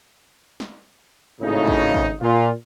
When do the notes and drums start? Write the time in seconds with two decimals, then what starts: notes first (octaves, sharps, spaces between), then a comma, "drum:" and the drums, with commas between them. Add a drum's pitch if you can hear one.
0.60 drum: snare
1.41 G#1 A2 C#3 D#4
1.67 drum: kick
1.94 drum: kick
2.21 A#2 F4